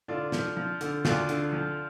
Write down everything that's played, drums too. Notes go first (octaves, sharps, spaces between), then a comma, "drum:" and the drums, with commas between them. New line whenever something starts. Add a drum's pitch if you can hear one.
D3 D4 F4
F3, drum: snare
F3
D3, drum: hi-hat
D2 D4 F4, drum: snare
D3, drum: hi-hat
F3